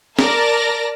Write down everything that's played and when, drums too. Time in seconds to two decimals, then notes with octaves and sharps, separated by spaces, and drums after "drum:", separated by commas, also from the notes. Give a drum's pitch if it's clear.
0.19 A#4 D5 A5 A#6, drum: snare